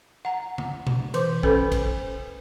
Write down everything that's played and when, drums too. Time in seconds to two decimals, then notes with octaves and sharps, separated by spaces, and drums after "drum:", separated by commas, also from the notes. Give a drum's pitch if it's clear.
0.25 F#5 A#5
0.58 drum: tom D3
0.87 drum: tom B2
1.14 E3 C5 D6, drum: cymbal
1.43 C#4 A4 B4 C5 B5, drum: kick
1.72 drum: kick, cymbal